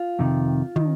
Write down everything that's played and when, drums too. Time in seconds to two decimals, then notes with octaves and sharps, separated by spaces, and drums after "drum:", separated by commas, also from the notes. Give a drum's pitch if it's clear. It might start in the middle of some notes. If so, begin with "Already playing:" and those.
Already playing: F4
0.19 F2 C3 D#3
0.76 D#3, drum: tom